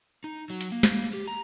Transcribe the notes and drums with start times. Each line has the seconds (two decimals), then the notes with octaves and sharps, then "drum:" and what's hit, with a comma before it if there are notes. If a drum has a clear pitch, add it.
0.24 D#4
0.50 F#3
0.61 drum: hi-hat
0.72 A#3
0.83 drum: snare
1.13 G4
1.28 A#5